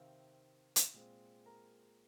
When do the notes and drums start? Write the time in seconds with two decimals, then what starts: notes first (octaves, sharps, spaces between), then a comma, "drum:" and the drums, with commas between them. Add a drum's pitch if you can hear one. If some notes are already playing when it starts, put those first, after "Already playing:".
Already playing: C3 D#3 C4 F5
0.76 drum: hi-hat
0.94 A#2 G#3 C4
1.46 A#4 A#5